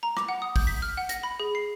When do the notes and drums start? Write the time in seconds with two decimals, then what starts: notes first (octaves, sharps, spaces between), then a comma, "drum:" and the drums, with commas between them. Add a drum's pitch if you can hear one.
0.03 A#5
0.17 D6, drum: rim click
0.29 F#5
0.42 D#6
0.56 G6, drum: kick, open hi-hat
0.67 B6
0.82 F6
0.97 F#5
1.09 A#6, drum: hi-hat
1.23 B5
1.40 G#4
1.55 C7